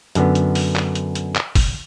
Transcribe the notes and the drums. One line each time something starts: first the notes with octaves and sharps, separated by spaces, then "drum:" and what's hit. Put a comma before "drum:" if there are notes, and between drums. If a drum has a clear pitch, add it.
F#2 D3 B3, drum: hi-hat
drum: hi-hat
drum: open hi-hat
drum: clap
drum: hi-hat
drum: hi-hat
drum: clap
drum: kick, open hi-hat